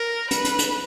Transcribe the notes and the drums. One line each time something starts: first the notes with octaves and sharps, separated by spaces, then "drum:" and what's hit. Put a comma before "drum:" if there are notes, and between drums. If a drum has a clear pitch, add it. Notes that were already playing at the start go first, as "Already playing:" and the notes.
Already playing: A#4
B4, drum: hi-hat
drum: hi-hat
drum: hi-hat